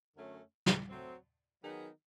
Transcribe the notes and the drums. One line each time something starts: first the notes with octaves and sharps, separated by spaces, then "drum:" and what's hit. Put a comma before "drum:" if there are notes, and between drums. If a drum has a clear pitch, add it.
F#2 D3 F#3 A3 C#4
drum: snare
F#3 A3 C4
D#3 F#3 B3 D#4 G#4